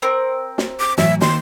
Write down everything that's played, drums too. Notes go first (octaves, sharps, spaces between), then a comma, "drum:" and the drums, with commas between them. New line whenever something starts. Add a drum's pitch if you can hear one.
C4 A#4
drum: snare
D6
A2 E3 F#3 E5, drum: snare
D#3 A#3 C6, drum: snare